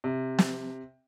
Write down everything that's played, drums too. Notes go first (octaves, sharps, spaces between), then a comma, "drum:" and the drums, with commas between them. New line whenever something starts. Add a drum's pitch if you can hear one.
C3
drum: snare